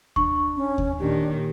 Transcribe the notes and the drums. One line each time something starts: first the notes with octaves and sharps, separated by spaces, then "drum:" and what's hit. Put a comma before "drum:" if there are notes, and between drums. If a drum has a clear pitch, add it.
D4 C#6, drum: kick D#2
C#4
drum: kick D#2
A#2 D#3 D4 G4